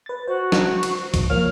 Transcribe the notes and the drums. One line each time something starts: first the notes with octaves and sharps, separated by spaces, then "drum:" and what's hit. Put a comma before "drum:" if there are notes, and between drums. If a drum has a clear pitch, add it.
B4 A6
F#4 C5
drum: snare
drum: cymbal
drum: kick, cymbal
F3 A#3 C#5 F6